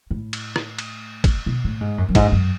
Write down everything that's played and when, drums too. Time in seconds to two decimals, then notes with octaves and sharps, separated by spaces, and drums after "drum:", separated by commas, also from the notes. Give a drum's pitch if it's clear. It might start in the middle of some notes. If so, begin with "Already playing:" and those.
0.11 A2
0.33 drum: cymbal
0.56 drum: rim click
0.78 drum: cymbal
1.24 drum: kick, cymbal
1.46 B2
1.64 A2
1.81 G#2
1.98 F#2
2.09 F#2
2.15 G#2, drum: kick, cymbal
2.32 F#2